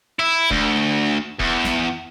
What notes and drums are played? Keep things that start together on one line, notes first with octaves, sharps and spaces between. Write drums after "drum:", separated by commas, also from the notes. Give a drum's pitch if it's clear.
E4
D2, drum: kick E1
E2, drum: kick E1
drum: snare